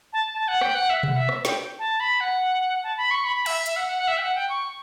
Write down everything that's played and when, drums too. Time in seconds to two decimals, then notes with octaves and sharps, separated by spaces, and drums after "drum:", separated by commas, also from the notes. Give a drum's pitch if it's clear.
0.13 A5
0.34 A5
0.48 F#5
0.61 G5, drum: rim click
0.75 F#5
0.90 E5
1.03 F#5, drum: tom B2
1.17 E5
1.29 drum: rim click
1.45 G5, drum: snare
1.79 A5
2.00 B5
2.20 F#5
2.83 A5
2.97 B5
3.11 C#6
3.24 B5
3.46 E5, drum: cymbal
3.66 E5, drum: hi-hat
3.76 F#5
3.87 F#5
3.98 F#5
4.08 E5
4.17 G5
4.22 F#5
4.35 G5
4.49 C#6